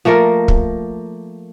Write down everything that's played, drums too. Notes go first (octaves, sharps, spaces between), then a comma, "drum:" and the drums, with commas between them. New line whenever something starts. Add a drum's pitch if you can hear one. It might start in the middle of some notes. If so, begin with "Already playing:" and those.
F3 A3 A#3 A#4
drum: kick